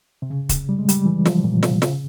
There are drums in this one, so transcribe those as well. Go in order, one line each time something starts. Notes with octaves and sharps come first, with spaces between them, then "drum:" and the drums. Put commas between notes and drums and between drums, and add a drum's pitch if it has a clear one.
C3
C#3
drum: kick, hi-hat
G3
G#3
G3, drum: hi-hat
E3
F3, drum: snare
A#2
C3, drum: snare
C#3, drum: snare